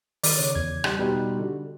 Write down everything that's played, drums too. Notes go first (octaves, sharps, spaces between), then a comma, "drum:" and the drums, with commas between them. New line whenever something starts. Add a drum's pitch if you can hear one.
D#3 D5, drum: open hi-hat
C#3 C#5 D6
E2 G#6
G3 D5 C6 F#6, drum: rim click
B2 G3 D#4
D3 F#4